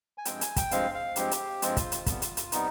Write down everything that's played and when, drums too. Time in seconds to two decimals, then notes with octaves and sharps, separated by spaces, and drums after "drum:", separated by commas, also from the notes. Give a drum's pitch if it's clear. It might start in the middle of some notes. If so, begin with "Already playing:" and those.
0.18 G#5
0.25 G2 F3 G#3 C4 G5, drum: hi-hat
0.41 G#5, drum: hi-hat
0.56 G5, drum: kick, hi-hat
0.71 G2 F3 G#3 C4 F5, drum: hi-hat
0.94 F5
1.16 G2 F3 G#3 C4 G4, drum: hi-hat
1.31 drum: hi-hat
1.62 G2 F3 G#3 C4 F4, drum: hi-hat
1.77 drum: kick, hi-hat
1.92 drum: hi-hat
2.06 F2 C3 G3 B3, drum: kick, hi-hat
2.22 drum: hi-hat
2.37 drum: hi-hat
2.52 C3 G3 B3 D#4, drum: hi-hat